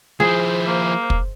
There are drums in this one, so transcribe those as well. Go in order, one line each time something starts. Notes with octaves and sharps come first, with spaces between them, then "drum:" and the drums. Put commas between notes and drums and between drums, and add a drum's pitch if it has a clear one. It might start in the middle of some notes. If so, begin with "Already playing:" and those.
F3 E4 G#4 C5 E5
A#3
drum: kick